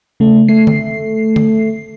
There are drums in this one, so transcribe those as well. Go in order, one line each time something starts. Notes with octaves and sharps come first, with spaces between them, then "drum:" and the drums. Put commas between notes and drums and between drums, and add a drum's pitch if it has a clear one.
C#3 A3
A3 C7
drum: tom D3
drum: tom D3